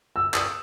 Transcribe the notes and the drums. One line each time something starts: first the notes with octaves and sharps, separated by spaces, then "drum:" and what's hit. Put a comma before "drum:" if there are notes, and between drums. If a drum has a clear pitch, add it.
E6
D#6, drum: clap